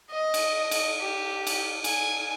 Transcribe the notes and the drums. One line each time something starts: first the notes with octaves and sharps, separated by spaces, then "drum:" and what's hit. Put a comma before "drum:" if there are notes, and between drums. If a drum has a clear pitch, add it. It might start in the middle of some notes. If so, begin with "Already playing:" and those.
D#5
drum: cymbal
drum: cymbal
G4
drum: cymbal
G#5, drum: cymbal